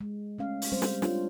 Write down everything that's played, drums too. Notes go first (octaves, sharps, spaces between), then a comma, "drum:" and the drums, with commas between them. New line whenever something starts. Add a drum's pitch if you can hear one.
G#3
A3 C#4 F5
drum: open hi-hat
G3 G#3 C4 C5
drum: snare
D4 F4 C#5, drum: snare